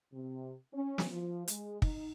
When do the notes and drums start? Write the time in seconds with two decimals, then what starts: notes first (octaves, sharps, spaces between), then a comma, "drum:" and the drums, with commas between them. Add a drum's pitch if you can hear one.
0.13 C3
0.74 C#4
0.98 drum: snare
1.12 F3
1.48 G#3, drum: hi-hat
1.82 D#4, drum: kick